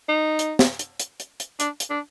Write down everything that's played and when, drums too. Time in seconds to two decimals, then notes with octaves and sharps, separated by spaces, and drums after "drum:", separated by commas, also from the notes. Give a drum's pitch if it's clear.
0.09 D#4
0.39 drum: hi-hat
0.59 drum: snare
0.79 drum: hi-hat
1.00 drum: hi-hat
1.20 drum: hi-hat
1.40 drum: hi-hat
1.60 D4, drum: hi-hat
1.80 drum: hi-hat
1.90 D4